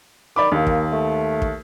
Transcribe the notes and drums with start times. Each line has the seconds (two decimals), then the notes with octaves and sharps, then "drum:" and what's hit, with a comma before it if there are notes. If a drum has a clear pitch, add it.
0.36 D#3 D5 B5 D6
0.52 D#2 A#3
0.67 drum: kick
0.93 A3
1.42 drum: kick